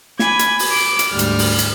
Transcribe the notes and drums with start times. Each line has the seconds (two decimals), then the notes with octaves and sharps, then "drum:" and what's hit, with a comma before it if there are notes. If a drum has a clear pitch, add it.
0.19 G#5 B5 D6 G#6, drum: snare
0.39 drum: hi-hat
0.59 drum: open hi-hat
0.70 D6
0.99 drum: hi-hat
1.09 D2 G#2 G3 F6
1.19 drum: hi-hat
1.39 drum: open hi-hat
1.59 drum: hi-hat